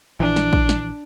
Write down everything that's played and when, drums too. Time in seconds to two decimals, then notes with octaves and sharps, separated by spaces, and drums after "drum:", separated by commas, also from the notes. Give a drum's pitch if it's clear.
0.20 A#1 E3 D4
0.36 drum: snare
0.53 drum: kick
0.69 drum: snare